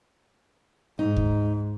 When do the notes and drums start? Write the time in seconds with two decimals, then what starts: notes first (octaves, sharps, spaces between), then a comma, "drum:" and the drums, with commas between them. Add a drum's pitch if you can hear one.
0.99 G#2 D#4
1.16 drum: kick D2